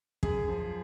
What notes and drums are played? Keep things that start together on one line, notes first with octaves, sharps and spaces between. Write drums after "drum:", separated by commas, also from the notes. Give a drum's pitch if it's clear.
F#2 G#4, drum: kick
F3